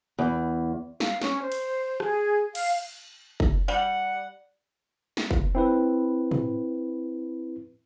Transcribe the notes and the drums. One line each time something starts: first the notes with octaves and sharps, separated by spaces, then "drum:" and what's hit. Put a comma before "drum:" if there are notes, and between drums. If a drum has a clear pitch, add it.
E2
F5, drum: snare
C#4, drum: snare
C5
drum: cymbal
G#4, drum: rim click
F5, drum: cymbal
drum: kick
G3 F#5
drum: snare
drum: kick
C4 E4 B4
drum: tom